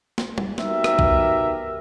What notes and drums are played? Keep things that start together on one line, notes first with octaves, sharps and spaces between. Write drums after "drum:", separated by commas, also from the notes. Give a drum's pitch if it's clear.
drum: snare
drum: tom
B3 D#4 F#4 G4 A#4 E5, drum: snare
drum: rim click
drum: kick